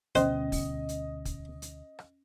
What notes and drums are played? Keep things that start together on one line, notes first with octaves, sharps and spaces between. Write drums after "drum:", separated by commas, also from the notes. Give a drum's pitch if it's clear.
D2 B2 C#4 C5 D#5, drum: hi-hat
drum: kick, open hi-hat
drum: hi-hat
drum: kick, hi-hat
drum: hi-hat
drum: rim click